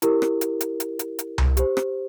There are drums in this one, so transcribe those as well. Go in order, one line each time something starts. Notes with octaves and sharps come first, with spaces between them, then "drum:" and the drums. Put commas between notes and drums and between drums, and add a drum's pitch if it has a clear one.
E4 G4 A#4, drum: hi-hat
drum: rim click
drum: hi-hat
drum: hi-hat
drum: hi-hat
drum: hi-hat
drum: hi-hat
drum: tom C2
G4 C5, drum: hi-hat
drum: rim click